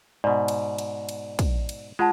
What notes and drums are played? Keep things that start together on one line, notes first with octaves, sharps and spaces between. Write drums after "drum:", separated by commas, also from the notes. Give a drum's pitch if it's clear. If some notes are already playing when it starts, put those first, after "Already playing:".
G#2 B2 D5
drum: cymbal
drum: cymbal
drum: cymbal
drum: kick, cymbal
drum: cymbal
G#3 F4 F#5 A5